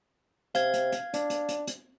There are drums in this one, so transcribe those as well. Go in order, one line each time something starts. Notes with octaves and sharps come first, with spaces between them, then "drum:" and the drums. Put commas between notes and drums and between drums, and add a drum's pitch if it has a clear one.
C3 F5 G#6, drum: hi-hat
drum: hi-hat
drum: hi-hat
D4, drum: hi-hat
drum: hi-hat
drum: hi-hat
drum: hi-hat